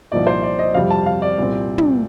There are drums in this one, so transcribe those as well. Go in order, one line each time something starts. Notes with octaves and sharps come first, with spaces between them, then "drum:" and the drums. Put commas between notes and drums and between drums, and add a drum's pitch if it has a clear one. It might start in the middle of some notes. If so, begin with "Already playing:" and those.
C2 A#2 F3 A#3 D#4 D5
C5
D5
D#5
F2 C3 G3 F5
A5
F5
D5
C2 A#2 G3 C4
drum: tom